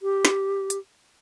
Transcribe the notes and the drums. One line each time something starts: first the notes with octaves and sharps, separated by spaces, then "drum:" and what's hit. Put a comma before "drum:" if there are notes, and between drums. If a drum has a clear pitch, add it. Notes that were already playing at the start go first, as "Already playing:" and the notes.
G4
drum: snare
drum: hi-hat